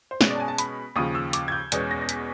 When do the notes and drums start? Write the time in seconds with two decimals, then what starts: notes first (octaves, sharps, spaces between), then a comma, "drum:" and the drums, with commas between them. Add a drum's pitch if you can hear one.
0.11 C5
0.21 B2 G#3 C#4 C#5, drum: snare
0.30 D5
0.35 A5
0.40 G#5
0.48 A5
0.58 B5, drum: hi-hat
0.96 D#2 C#3 F3 D#6
1.15 E6
1.33 D6, drum: hi-hat
1.48 G#6
1.52 G6
1.72 E2 B2 G#3 C#4, drum: hi-hat
1.91 A#6
2.02 A#6
2.09 B6, drum: hi-hat